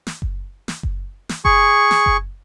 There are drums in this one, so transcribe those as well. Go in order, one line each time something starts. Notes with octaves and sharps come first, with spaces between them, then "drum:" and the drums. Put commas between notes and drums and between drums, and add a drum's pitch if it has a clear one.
drum: snare
drum: kick F#1
drum: snare
drum: kick F#1
drum: snare
G#4 C#6, drum: kick F#1
drum: snare
drum: kick F#1